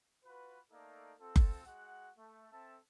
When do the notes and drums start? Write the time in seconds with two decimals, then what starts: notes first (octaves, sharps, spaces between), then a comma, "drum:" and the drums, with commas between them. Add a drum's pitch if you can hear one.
0.25 F4 F#4 B4
0.71 A3 A#3 D#4 A4 D5
1.19 C4 F4 A4
1.36 drum: kick F#1
1.65 G#3 F#4 F#5
2.18 A3
2.52 C4 A4 E5 A5